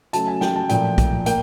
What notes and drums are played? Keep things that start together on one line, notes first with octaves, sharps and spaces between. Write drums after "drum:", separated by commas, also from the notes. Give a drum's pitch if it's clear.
C#3 F#3 A3 A5, drum: hi-hat
G#5
G5, drum: snare
A5
A#2 F3 A3 G5, drum: hi-hat
drum: kick, hi-hat
A#3 G5, drum: hi-hat